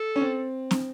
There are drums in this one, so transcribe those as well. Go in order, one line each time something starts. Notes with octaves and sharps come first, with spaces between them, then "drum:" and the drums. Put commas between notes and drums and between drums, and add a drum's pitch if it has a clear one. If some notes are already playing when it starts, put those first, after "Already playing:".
Already playing: A4
C#4
C4
drum: snare